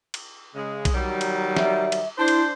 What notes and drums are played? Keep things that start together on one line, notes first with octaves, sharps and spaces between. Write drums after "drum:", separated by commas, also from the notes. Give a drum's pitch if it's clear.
drum: cymbal
C#3 G#3
drum: kick B1, cymbal
D#3 F#3 G3
drum: cymbal
E5, drum: snare
drum: cymbal
D4 E4 C5
drum: cymbal